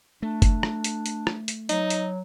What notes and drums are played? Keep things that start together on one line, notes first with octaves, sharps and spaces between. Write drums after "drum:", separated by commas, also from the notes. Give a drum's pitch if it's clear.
A3 D4
drum: kick, hi-hat
drum: rim click
drum: hi-hat
drum: hi-hat
drum: rim click
drum: hi-hat
F#3 D#4, drum: hi-hat
drum: hi-hat